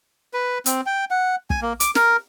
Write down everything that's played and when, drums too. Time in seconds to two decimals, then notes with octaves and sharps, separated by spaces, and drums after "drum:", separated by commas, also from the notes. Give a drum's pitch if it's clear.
0.34 B4
0.66 C4, drum: hi-hat
0.86 G5
1.10 F#5
1.50 G#5, drum: kick
1.62 A#3
1.80 D6, drum: hi-hat
1.95 A#4, drum: snare